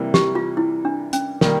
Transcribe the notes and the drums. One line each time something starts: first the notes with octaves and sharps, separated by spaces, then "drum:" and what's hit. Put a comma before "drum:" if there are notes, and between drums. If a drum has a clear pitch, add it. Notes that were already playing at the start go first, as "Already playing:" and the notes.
Already playing: C3 E3 G3 A#3
G4, drum: snare
F4
E4
D4
C#4, drum: hi-hat
D#3 G3 A#3, drum: snare